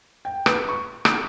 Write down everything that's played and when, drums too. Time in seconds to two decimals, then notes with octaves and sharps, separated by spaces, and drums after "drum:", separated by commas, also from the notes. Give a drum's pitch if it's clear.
0.25 G5
0.46 B4, drum: rim click
0.69 C#6
1.05 drum: rim click